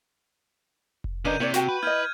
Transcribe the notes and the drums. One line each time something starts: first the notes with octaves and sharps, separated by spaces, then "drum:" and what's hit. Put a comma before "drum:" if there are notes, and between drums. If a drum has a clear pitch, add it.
drum: kick F1
C#3 D4 A#4 B4 D#5 G6 D#7
C3 E4 C#5 D5, drum: tom A#3
F#4 G5, drum: snare
B4
E4 D#5 F6 G6 G#6